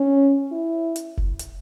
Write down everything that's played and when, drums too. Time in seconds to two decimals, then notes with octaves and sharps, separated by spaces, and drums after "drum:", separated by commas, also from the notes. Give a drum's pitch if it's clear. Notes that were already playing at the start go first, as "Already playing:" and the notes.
Already playing: C#4
0.52 E4
0.96 drum: hi-hat
1.17 drum: kick F1
1.39 drum: hi-hat